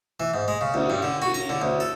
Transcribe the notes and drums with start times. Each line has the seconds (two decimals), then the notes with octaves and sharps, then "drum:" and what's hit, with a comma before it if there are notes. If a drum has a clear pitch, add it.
0.20 E3
0.34 G#2
0.48 G#3
0.61 C#3
0.74 D2, drum: cymbal
0.90 G2
1.03 D3
1.22 F#4, drum: cymbal
1.34 A#5
1.49 D3
1.62 D2
1.80 A4